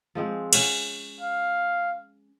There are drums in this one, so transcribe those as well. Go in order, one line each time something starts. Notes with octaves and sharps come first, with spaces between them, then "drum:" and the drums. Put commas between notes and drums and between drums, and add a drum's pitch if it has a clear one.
F3 G#3 C4
C#4 F#5, drum: cymbal
F5